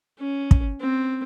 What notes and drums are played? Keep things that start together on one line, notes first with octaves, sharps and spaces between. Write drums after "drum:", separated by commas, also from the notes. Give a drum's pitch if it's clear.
C#4
drum: kick
C4